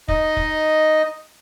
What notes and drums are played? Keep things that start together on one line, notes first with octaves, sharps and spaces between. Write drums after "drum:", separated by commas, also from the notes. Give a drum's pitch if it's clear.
D#4 D#5, drum: kick
drum: kick